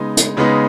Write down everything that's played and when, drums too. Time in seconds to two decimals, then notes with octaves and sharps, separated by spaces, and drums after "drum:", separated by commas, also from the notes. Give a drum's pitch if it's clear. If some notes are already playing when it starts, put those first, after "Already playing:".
Already playing: C#3 G#3 B3 D#4
0.17 drum: hi-hat
0.37 C#3 G#3 B3 D#4